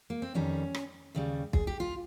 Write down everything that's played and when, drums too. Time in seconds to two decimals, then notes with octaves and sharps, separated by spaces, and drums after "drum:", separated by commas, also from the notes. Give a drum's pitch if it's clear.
0.10 A#3
0.22 C4
0.34 F2 D#3 G3 C#4
0.74 drum: rim click
1.15 D#2 C#3 G3
1.53 G#4, drum: kick
1.67 G4
1.80 F4